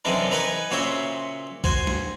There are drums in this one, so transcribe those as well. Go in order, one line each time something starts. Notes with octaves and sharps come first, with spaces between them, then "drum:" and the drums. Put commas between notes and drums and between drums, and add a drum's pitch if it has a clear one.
F#2 C3 E3 G#3 D4 D#4
D#4 A#4 B4 F#5 G#5
A#2 C#3 F#4 C5 C#5 E5
F#4 C5 G#5, drum: kick A#1
drum: snare